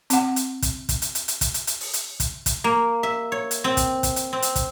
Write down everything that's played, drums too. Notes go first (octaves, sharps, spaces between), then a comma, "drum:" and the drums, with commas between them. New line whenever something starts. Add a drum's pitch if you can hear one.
C4 F#5, drum: hi-hat
drum: hi-hat
drum: kick, hi-hat
drum: kick, hi-hat
drum: hi-hat
drum: hi-hat
drum: hi-hat
drum: kick, hi-hat
drum: hi-hat
drum: hi-hat
drum: open hi-hat
drum: hi-hat
drum: kick, hi-hat
drum: kick, hi-hat
A#3
E5
C#5
drum: hi-hat
C4
drum: kick, hi-hat
drum: kick, hi-hat
drum: hi-hat
C4
drum: hi-hat
drum: kick, hi-hat